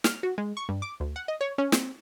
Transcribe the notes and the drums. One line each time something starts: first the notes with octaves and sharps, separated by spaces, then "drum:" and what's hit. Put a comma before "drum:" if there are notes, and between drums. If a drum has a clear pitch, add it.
F6, drum: snare
F#4
G#3
C#6
G2
D6
D2
F#5
D#5
C#5
C#4
C4, drum: snare